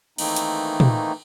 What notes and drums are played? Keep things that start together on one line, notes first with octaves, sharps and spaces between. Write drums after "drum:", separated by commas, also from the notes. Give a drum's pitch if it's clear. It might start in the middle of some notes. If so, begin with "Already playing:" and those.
D#3 E3 A3 A#3 C4 D#4, drum: cymbal
drum: hi-hat
drum: tom